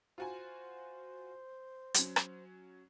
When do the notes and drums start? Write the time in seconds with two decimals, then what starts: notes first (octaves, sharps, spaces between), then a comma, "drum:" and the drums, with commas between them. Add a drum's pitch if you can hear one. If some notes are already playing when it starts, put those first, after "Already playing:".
0.18 F4 F#4 C5 G#5
1.94 F#3 C#4, drum: hi-hat
2.16 drum: rim click